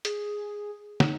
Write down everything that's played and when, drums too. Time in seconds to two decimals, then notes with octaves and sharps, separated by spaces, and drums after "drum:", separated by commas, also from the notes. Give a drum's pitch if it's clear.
0.05 G#4, drum: hi-hat
1.00 D#4, drum: snare